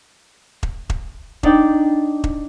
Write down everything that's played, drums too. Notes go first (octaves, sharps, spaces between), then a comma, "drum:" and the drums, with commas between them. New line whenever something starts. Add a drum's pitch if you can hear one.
drum: kick E1
drum: kick E1
D4 D#4 D5 G5, drum: kick E1
drum: kick E1